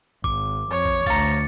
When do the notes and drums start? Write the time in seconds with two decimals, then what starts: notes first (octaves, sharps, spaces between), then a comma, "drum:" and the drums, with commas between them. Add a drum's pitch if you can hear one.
0.24 G#1 D6, drum: kick
0.71 F2 C#5
0.85 drum: kick
1.06 D2 F5 A#5 A6 C#7, drum: kick